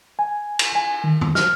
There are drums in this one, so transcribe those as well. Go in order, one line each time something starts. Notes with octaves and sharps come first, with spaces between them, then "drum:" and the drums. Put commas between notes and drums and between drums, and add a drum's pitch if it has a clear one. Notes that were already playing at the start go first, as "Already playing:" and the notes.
G#5
drum: cymbal
G#5
D#3
drum: tom
F6, drum: snare